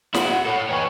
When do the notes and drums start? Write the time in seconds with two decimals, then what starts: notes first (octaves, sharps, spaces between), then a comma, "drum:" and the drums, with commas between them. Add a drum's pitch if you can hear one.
0.14 E4 F#4 F#5, drum: snare
0.46 A4 C#5
0.69 G4 B4 C#5 G#5 C#6